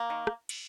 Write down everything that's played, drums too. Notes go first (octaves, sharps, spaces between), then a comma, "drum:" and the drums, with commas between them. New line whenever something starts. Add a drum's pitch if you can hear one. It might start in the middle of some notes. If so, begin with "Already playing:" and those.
Already playing: A#3
D#3
drum: rim click
drum: cymbal